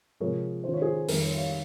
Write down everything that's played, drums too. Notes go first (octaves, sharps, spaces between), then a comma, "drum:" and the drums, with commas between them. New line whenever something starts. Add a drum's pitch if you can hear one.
C3 F3 G#3 A#4 C#5
D#3 G#3 C#4 F4 C5
C#5
G#4 C5
F2 D#3 G3 A#4, drum: open hi-hat
A#4 C#5
C#5 F5